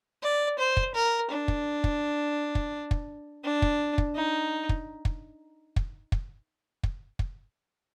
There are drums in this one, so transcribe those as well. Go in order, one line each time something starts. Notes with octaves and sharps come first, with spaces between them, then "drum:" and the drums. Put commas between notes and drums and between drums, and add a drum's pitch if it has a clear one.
D5
C5
drum: kick
A#4
D4
drum: kick
drum: kick
drum: kick
drum: kick
D4
drum: kick
drum: kick
D#4
drum: kick
drum: kick
drum: kick
drum: kick
drum: kick
drum: kick